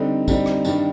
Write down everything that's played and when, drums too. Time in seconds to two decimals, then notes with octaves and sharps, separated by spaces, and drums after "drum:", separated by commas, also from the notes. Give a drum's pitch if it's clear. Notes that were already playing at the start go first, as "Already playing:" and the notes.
Already playing: D3 G3 C4 D#4
0.28 D3 G3 C4 D#4, drum: kick, tambourine
0.46 drum: rim click
0.65 G2 D#3 G3 D4, drum: tambourine